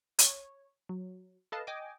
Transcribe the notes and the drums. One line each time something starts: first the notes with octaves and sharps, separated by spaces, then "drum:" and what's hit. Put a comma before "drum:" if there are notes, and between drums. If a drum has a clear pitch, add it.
C#5, drum: hi-hat
F#3
A4 B4 D#5 F5 A5
D#5 G5 G#5 D6